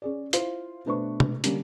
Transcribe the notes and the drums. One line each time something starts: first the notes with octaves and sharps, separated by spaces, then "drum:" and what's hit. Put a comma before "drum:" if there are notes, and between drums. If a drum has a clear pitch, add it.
C#4 G#4 D5
E4 F4 C5, drum: hi-hat
B2 A3 D4 B4 C5 C#6
drum: tom
D3 G3 A#3 C#4, drum: hi-hat